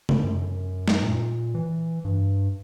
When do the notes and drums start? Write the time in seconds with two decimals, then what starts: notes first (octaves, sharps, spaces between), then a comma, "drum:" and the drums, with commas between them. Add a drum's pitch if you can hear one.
0.09 drum: tom C3
0.24 F#2
0.88 drum: snare
1.02 A#2
1.54 E3
2.05 G2